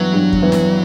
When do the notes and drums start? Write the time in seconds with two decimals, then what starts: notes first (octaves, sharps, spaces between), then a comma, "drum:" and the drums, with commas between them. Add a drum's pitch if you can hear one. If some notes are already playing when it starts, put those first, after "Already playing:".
Already playing: G2 E3 F#3 B3
0.13 G2
0.33 drum: kick E2
0.42 E3 B3
0.52 drum: snare